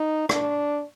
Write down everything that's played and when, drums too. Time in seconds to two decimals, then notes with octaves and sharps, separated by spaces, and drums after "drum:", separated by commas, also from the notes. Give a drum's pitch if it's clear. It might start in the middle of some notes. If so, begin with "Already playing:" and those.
Already playing: D#4
0.29 D4, drum: rim click